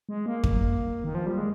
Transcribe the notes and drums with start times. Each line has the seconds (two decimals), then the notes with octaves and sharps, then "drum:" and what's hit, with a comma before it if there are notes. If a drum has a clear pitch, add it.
0.09 G#3
0.26 A#3
0.44 drum: kick F2
1.04 D#3
1.15 F3
1.26 G3
1.38 G#3